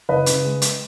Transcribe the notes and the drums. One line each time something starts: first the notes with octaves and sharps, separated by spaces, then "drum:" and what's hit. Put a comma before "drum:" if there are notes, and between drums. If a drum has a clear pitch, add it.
F#1 B4 D#5
C#3, drum: hi-hat
G#3
drum: hi-hat